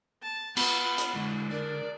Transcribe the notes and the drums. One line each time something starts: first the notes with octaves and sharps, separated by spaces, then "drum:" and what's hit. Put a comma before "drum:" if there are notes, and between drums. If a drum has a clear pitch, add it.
A5
B3 F4 B4 F#5 B5, drum: cymbal
drum: hi-hat
D3 G#3 E4
D4 A#4 D5